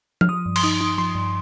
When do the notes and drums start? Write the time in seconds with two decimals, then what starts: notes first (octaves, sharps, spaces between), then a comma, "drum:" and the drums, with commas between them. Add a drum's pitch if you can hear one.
0.21 F6, drum: tom F3
0.29 F3 D#6
0.46 G2
0.56 C6, drum: cymbal
0.63 D#4 D#6
0.81 D#4
0.98 F3 C6
1.15 G2